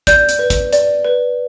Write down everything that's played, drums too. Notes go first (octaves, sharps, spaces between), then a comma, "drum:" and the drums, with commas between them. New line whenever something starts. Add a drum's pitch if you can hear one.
D5 G6, drum: kick, hi-hat
drum: hi-hat
B4
drum: kick, hi-hat
D5, drum: hi-hat
B4